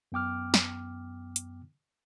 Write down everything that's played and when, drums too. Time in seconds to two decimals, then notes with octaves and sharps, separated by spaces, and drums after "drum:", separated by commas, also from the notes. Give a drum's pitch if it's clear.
0.12 F#2 B3 G5 D6 F6
0.54 drum: snare
1.36 drum: hi-hat